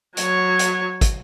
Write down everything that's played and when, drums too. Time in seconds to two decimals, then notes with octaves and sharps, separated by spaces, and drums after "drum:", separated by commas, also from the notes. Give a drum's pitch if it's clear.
0.17 F#3 C#5, drum: hi-hat
0.59 drum: hi-hat
1.01 drum: kick, hi-hat